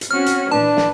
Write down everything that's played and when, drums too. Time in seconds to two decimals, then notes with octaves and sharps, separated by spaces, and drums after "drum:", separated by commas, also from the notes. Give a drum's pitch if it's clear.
0.01 drum: hi-hat
0.11 C4 C#4 F#4 F6
0.26 drum: hi-hat
0.52 A#2 E3 D4 B4 A5
0.77 drum: snare